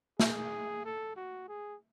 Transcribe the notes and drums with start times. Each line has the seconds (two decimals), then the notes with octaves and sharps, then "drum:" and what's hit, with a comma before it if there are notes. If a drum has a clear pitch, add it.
0.20 G#4, drum: snare
0.85 A4
1.16 F#4
1.49 G#4